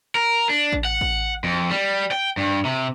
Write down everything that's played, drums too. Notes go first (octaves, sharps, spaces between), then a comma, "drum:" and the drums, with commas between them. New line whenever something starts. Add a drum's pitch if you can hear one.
A#4
D4
drum: kick A1
F#5
drum: kick A1
F2
G3
G5
G2
C3